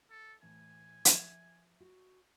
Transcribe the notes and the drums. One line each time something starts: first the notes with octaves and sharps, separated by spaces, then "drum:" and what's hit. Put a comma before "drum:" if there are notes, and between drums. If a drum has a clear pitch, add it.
A4
A2 E3 G#5 A5
F3 E5, drum: hi-hat
F#4